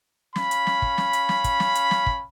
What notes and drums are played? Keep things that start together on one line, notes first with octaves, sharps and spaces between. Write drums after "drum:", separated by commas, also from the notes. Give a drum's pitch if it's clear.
C#4 F5 B5, drum: snare
drum: hi-hat
drum: snare
drum: kick
drum: snare
drum: hi-hat
drum: snare
drum: kick, hi-hat
drum: snare
drum: hi-hat
drum: snare
drum: kick